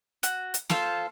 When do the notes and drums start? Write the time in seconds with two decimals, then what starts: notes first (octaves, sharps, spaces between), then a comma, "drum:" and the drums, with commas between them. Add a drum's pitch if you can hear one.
0.23 F#4, drum: hi-hat
0.54 drum: hi-hat
0.70 F4 A4 C5 F5, drum: snare